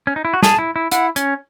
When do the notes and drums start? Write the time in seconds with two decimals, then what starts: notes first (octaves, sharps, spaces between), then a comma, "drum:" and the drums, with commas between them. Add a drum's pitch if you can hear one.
0.07 C#4
0.16 D#4
0.25 E4
0.34 F#4
0.42 G#4 A5, drum: snare
0.59 E4
0.76 E4
0.91 E4 F#5, drum: hi-hat
1.16 C#4, drum: hi-hat